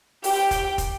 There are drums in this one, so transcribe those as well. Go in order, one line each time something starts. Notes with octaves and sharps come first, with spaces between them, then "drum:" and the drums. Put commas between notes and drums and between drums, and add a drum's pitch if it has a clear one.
G4 G5, drum: open hi-hat
drum: kick, hi-hat
drum: kick, hi-hat